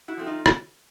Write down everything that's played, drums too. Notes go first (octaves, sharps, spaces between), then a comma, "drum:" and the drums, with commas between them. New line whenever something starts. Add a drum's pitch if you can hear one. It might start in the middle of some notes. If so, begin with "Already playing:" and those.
E4 F#4
F3 A3 C4
D#4 F4
drum: rim click